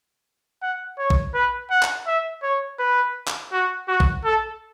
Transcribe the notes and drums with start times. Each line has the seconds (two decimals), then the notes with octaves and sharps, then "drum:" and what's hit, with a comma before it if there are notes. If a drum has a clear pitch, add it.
0.62 F#5
0.98 C#5
1.10 drum: kick A#1
1.34 B4
1.71 F#5
1.83 drum: clap
2.07 E5
2.43 C#5
2.79 B4
3.28 drum: clap
3.52 F#4
3.88 F#4
4.00 drum: kick A#1
4.24 A4